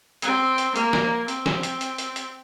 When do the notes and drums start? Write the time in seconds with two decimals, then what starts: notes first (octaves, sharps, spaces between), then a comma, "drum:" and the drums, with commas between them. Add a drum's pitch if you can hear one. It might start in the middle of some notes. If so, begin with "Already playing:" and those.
0.22 C4, drum: hi-hat
0.58 drum: hi-hat
0.76 A#3, drum: hi-hat
0.93 drum: snare
1.28 C4, drum: hi-hat
1.46 drum: snare
1.63 drum: hi-hat
1.81 drum: hi-hat
1.98 drum: hi-hat
2.16 drum: hi-hat